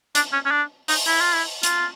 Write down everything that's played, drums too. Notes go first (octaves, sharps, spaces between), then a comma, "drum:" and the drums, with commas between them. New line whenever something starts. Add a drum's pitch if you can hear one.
D4, drum: hi-hat
C#4
C#4
D4
D#4, drum: open hi-hat
E4
F4
E4
F4, drum: hi-hat